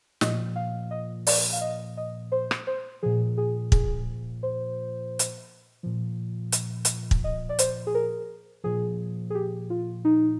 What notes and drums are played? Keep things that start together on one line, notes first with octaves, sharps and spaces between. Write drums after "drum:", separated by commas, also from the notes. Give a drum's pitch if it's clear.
A#2 F3 D#5, drum: snare
F5
D#5
D5, drum: open hi-hat
F5
D#5
D#5
C5
drum: rim click
C5
A#2 F3 G#4
G#4
G#4, drum: kick
C5
drum: hi-hat
A#2 F3
drum: hi-hat
drum: hi-hat
drum: kick
D#5
D5
C5, drum: hi-hat
G#4
A#4
A#2 F3 G#4
G#4
G4
F4
D#4